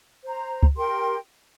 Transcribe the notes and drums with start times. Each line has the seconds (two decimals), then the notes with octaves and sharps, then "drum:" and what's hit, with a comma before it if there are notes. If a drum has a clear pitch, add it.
0.23 C5 A#5
0.63 drum: kick
0.75 G4 A#4 G5 C6